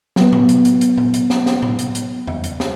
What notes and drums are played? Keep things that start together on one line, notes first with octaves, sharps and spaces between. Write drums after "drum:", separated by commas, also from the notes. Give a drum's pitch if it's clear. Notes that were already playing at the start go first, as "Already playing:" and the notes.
F#3 B3, drum: snare
drum: tom A2
drum: hi-hat
drum: hi-hat
drum: hi-hat
drum: tom A#2
drum: hi-hat
drum: snare
drum: snare
drum: tom A2
drum: hi-hat
drum: hi-hat
drum: tom E2
drum: hi-hat
drum: snare